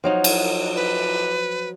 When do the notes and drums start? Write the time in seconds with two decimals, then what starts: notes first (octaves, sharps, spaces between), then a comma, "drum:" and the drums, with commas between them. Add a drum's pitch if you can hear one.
0.04 F3 F#3 D#4
0.24 drum: cymbal
0.76 B4